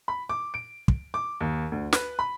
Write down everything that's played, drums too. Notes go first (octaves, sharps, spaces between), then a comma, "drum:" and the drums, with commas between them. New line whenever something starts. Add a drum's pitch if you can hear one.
B5
D6
D7
drum: kick
D6
D#2
D2
B4, drum: snare
B5